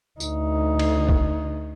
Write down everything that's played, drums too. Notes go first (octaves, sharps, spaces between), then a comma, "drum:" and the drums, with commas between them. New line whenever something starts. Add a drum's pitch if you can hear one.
D2 D#4, drum: tambourine
drum: cymbal
drum: kick